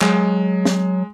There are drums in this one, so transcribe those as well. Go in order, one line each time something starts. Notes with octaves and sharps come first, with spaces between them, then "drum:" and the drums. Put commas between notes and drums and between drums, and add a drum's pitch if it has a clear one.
F#3 G#3, drum: clap
drum: snare